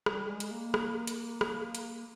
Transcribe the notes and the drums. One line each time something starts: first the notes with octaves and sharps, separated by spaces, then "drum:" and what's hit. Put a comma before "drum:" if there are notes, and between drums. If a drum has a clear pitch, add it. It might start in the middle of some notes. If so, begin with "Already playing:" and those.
G3, drum: rim click
G#3
drum: hi-hat
A#3
drum: rim click
drum: hi-hat
drum: rim click
drum: hi-hat